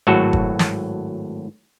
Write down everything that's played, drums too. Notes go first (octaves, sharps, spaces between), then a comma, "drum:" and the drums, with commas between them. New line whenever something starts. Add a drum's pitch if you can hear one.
G#1 A2 F#3 F#4 A4
drum: kick
drum: snare